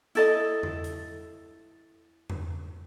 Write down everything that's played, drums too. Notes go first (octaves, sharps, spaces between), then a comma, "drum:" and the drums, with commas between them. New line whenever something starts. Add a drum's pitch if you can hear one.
E4 A4 D#5, drum: hi-hat
drum: tom E2
drum: hi-hat
drum: tom E2